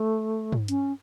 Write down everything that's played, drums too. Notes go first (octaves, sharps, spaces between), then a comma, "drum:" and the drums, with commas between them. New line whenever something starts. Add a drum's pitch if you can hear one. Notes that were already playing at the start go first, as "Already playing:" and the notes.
Already playing: A3
drum: tom
C#4, drum: hi-hat